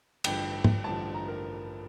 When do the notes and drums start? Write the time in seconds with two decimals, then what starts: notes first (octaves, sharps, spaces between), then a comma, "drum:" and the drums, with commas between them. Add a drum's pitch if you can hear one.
0.24 A1 G2 D3 F3 G5, drum: cymbal
0.64 drum: tom G#2
0.84 A1 G2 D3 F3 A5
1.14 A#5
1.28 A#4